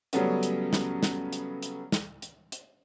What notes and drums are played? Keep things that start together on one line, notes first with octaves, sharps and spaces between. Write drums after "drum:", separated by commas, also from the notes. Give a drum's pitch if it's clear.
C#3 F#3 G3 A3 B3 C#4, drum: hi-hat
drum: hi-hat
drum: snare
drum: snare
drum: hi-hat
drum: hi-hat
drum: snare
drum: hi-hat
drum: hi-hat